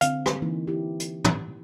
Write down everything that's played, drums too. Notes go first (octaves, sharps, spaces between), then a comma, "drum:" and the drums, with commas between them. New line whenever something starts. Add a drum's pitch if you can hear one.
D3 C4 F5, drum: hi-hat
drum: rim click
E3 A#3 D#4
E4 G4
drum: hi-hat
drum: tom